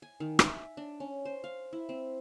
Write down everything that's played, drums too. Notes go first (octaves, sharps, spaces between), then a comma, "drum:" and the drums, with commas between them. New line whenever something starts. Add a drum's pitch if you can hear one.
G#5
D#3
E5, drum: rim click
D4
C#4
C5
F5
E4
C4